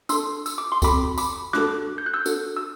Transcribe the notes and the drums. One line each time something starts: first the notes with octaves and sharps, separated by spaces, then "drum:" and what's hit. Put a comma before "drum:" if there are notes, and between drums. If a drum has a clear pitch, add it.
D4 A4 C6 E6, drum: tambourine
E6, drum: tambourine
D6
C6
C4 F#4 A4 B5 D6, drum: kick C2, tambourine
B5 D6, drum: tambourine
A3 D4 F#4 A4 D6 F#6, drum: rim click
G6
F#6
E6 G6
D4 F#4 A4, drum: tambourine
E6